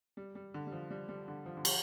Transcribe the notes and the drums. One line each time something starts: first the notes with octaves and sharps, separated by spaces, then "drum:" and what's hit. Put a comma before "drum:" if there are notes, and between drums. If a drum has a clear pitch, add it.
G3
G3
D3
G3
F3
G3
G3
D3
F3
D3
F3, drum: cymbal